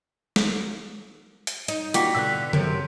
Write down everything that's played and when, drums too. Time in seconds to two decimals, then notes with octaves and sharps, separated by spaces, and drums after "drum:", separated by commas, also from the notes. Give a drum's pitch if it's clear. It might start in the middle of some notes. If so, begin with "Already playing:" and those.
0.36 drum: snare
1.47 drum: hi-hat
1.68 D#4, drum: hi-hat
1.94 G3 A#3 F4 F#4 G5 D6 B6, drum: hi-hat
2.15 B2 D3 E6 F#6
2.53 F#2 C3 A#4, drum: tom C#3